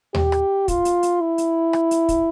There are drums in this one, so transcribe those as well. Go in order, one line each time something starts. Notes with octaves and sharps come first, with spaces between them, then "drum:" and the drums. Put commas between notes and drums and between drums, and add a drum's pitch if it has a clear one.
G4, drum: tom D#2
drum: rim click
F4, drum: kick, hi-hat
drum: hi-hat
drum: hi-hat
E4
drum: hi-hat
drum: rim click
drum: hi-hat
drum: kick, hi-hat